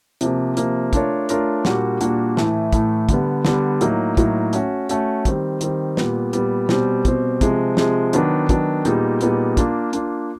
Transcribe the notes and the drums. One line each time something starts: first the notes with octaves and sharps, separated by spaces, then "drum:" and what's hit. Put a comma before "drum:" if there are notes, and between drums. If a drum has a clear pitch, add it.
C3 F3 A#3, drum: hi-hat
C3 F3 A#3, drum: hi-hat
A3 D4 F4 A#4 C#5, drum: kick, hi-hat
A3 D4 F4 A#4 C#5, drum: hi-hat
A#2 G3 A#3 D4 F#4, drum: snare
A#2 G3 A#3 D4 F#4, drum: hi-hat
A2 E3 A3, drum: snare
A2 E3 A3, drum: kick, hi-hat
D3 G3 B3, drum: kick, hi-hat
D3 G3 B3, drum: snare
A2 F#3 A#3 D#4, drum: hi-hat
A2 F#3 A#3 D#4, drum: kick, hi-hat
A3 C#4 F#4, drum: hi-hat
A3 C#4 F#4, drum: hi-hat
D#3 G3 C4, drum: kick, hi-hat
D#3 G3 C4, drum: hi-hat
A#2 G3 B3, drum: snare
A#2 G3 B3, drum: hi-hat
B2 G3 C4, drum: snare
B2 G3 C4, drum: kick, hi-hat
C3 F3 G#3, drum: kick, hi-hat
C3 F3 G#3, drum: snare
D#3 F#3 B3 D4, drum: hi-hat
D#3 F#3 B3 D4, drum: kick, hi-hat
A#2 G3 B3 D#4 G#4, drum: hi-hat
A#2 G3 B3 D#4 G#4, drum: hi-hat
A#3 D4 F4, drum: kick, hi-hat
A#3 D4 F4, drum: hi-hat